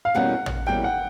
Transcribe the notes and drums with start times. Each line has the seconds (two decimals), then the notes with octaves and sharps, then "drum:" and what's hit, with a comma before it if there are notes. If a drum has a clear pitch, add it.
0.05 F5
0.15 E2 B2 G3 A#3 C#4 F#5
0.46 drum: tom
0.66 E2 B2 G3 A#3 C#4 G5
0.84 F#5